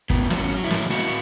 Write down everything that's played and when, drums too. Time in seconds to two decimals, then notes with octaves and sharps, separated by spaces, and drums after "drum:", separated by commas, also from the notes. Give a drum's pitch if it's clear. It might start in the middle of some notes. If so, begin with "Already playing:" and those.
0.10 A2 B3, drum: kick
0.30 F#3, drum: snare
0.37 C#4
0.50 F#3
0.64 E4
0.70 A2, drum: snare
0.90 A2 F#4, drum: open hi-hat